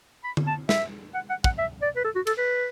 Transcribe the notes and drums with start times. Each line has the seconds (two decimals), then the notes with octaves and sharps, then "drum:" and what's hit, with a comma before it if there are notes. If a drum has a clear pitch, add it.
0.24 B5
0.37 drum: tom D3
0.47 A5
0.69 E5, drum: snare
1.14 F#5
1.30 F#5
1.44 F#5, drum: kick
1.58 E5
1.82 D5
1.96 B4
2.04 A4
2.15 F#4
2.27 A4, drum: cymbal
2.38 B4